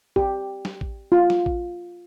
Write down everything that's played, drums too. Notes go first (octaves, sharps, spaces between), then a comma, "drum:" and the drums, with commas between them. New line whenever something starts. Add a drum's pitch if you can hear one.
G4, drum: kick A1
drum: snare
drum: kick A1
F4
drum: snare
drum: kick A1